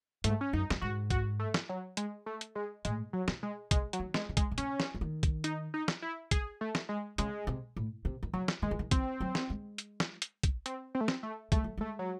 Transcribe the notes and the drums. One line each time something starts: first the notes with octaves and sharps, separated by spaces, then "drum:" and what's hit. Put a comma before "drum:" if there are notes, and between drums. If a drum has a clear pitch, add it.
G#2 A3, drum: hi-hat
C#4
F#2 D#4
F#2, drum: snare
G#2 F#4
F#4, drum: kick, hi-hat
A3
drum: snare
F#3
G#3, drum: hi-hat
A3
drum: hi-hat
G#3
A2 G#3, drum: hi-hat
F#3
C3, drum: snare
G#3
C3 G#3, drum: kick, hi-hat
F#3, drum: hi-hat
D#3
G#3, drum: snare
C#3
G#3, drum: kick, hi-hat
C3
C#3 C#4, drum: hi-hat
drum: snare
E3
D#3
drum: kick, hi-hat
D#4, drum: hi-hat
D#4
drum: snare
E4
G#4, drum: kick, hi-hat
A3
drum: snare
G#3
C#3 G#3, drum: hi-hat
C3
A2
C3
D#3
C#3 F#3
drum: snare
D#3 G#3
E3
D#3
E3 C4, drum: kick, hi-hat
F#3
drum: snare
G#3
drum: hi-hat
drum: snare
drum: hi-hat
drum: kick, hi-hat
C4, drum: hi-hat
C4
A3
C4, drum: snare
A3
G#3 A3, drum: kick, hi-hat
F#3
G#3 A3
F#3